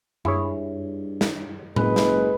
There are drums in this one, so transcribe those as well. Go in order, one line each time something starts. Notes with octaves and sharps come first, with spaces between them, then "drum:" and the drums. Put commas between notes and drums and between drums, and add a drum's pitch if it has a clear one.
G2 E4 G#4 C#5, drum: tom F#2
drum: snare
F#1 G#3 B4, drum: tom A2
drum: snare